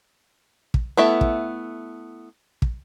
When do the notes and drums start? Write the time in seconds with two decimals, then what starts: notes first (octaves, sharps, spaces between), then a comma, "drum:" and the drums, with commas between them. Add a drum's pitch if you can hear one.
0.74 drum: kick
0.97 A3 B3 E4 A4 E5
1.21 drum: kick
2.62 drum: kick